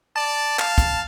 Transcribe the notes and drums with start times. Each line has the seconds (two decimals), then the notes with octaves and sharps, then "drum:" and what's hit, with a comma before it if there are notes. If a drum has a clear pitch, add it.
0.16 D5 A5
0.59 F5, drum: clap
0.78 drum: kick, hi-hat